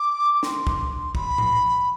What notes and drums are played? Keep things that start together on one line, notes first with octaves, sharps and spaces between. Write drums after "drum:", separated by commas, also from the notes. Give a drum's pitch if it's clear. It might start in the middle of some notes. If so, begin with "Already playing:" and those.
Already playing: D6
D6
C6, drum: snare
drum: kick
B5, drum: kick
drum: tom A2